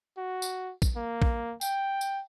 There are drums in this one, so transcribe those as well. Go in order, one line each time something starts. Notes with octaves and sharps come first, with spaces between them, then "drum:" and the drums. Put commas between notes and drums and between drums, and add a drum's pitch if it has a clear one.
F#4
drum: tambourine
drum: kick, tambourine
A#3
drum: kick
G5, drum: tambourine
drum: tambourine